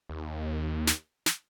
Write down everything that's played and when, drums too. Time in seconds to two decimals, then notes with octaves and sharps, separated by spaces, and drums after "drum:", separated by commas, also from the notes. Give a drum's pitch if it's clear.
0.09 D#2
0.87 drum: snare
1.26 drum: snare